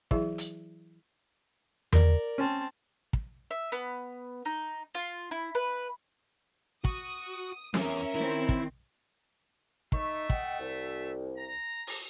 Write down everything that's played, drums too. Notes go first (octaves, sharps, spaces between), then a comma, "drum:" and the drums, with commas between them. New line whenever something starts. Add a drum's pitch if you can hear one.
E3 F#3 E4 G#4 E5, drum: kick
drum: hi-hat
A#4 D5, drum: tom E2
C4 C#4 A5
drum: kick
E5
B3
D#4
F4
E4
B4
F#4 D#6, drum: kick
E2 C#4 A#4 E5, drum: snare
D#3 C4 E4
drum: kick
A3 D#4 E5 C#6, drum: kick
D#5 F#5 G5, drum: kick
C2
A#5
drum: open hi-hat